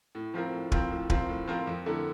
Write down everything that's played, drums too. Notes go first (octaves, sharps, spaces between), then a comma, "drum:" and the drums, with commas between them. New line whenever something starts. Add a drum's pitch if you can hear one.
A2
F3 C4 F4 A#4
A2
F3 C4 F4 A#4, drum: kick
A2
F3 C4 F4 A#4, drum: kick
A2
F3 C4 F4 A#4
F2
D3 A3 E4 A#4